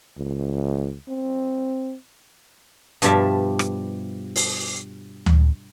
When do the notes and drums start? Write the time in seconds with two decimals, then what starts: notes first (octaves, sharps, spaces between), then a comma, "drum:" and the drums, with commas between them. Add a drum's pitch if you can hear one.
0.17 C#2
1.08 C4
3.02 G2 B2 F3 G3 E5 A5, drum: hi-hat
3.59 drum: rim click
4.36 drum: open hi-hat
5.26 drum: tom D2